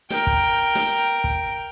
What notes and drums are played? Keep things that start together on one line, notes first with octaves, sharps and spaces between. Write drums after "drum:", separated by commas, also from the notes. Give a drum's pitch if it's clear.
A#4 G5, drum: snare
drum: kick
drum: snare
drum: kick